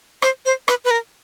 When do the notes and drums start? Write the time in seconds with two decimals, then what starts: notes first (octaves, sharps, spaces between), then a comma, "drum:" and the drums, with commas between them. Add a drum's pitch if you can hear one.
0.22 C5, drum: rim click
0.46 C5
0.68 B4, drum: rim click
0.85 B4
0.91 A#4